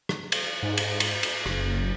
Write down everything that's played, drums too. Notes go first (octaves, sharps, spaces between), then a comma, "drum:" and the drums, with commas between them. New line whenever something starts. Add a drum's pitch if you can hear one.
drum: rim click
drum: cymbal
G#2
drum: cymbal
drum: cymbal
drum: cymbal
F#1, drum: rim click